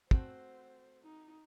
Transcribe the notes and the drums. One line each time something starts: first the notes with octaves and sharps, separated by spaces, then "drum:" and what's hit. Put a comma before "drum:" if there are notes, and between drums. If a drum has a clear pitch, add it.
A3 C4 F#4 C5, drum: kick
D#4